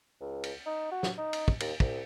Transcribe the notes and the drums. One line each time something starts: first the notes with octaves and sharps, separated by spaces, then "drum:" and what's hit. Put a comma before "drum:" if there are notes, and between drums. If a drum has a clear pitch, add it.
C#2
drum: cymbal
D#4
F#4
drum: snare
D#4
drum: cymbal
drum: kick
D#2, drum: cymbal
C2, drum: kick